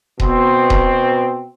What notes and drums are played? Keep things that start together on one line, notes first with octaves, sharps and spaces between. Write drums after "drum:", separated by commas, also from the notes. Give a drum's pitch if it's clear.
B2 C4, drum: kick D#1
drum: kick D#1